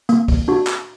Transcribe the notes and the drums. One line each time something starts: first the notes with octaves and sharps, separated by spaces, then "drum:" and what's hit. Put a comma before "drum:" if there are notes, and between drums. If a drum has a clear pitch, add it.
A#3, drum: hi-hat
drum: kick, open hi-hat
D4 F#4
drum: clap